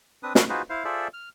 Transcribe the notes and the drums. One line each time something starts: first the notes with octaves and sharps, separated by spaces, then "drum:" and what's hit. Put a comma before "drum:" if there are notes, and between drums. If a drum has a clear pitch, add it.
C4 D4 B4 D#6
C#4 F5 B5 C#6 F#6, drum: snare
D#4 F4 F#4 G#4 B4 C5
E4 C5 F5
F4 G#4 A4 C5 D5 E5
F6